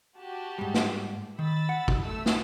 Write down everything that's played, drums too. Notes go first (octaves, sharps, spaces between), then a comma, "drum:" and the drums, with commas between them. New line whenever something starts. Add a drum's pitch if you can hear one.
F#4 G4 A5
G#2 G3
drum: snare
D#3 B5 E6 A6
F#5
drum: kick
A3 E6
drum: snare